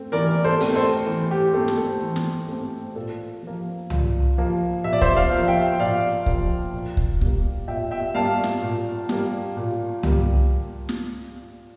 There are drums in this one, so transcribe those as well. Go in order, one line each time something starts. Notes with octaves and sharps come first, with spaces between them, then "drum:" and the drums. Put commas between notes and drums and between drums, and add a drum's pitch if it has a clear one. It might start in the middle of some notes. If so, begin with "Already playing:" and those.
Already playing: A3 C4
E3 A#4 D5
A4 C5
A3 C4, drum: open hi-hat
A4 C5
E3
G4
A3 C4 A4
drum: snare
A4
E3
drum: snare
A3 C4
A#2 A4
F3 A#3
A#2, drum: tom C2
F3 A#3
A#2 E5
D5
C5 E5, drum: kick
D5 F5
F3 A#3
E5 G5
A#2 D5 F5
F3 A#3, drum: kick
A#2
drum: kick
G3 A#3, drum: kick
A#2 E5 G5
E5 G5
G3 A#3 F5 A5
drum: snare
A#2
G3 A#3, drum: snare
A#2
G3 A#3, drum: tom C2
drum: snare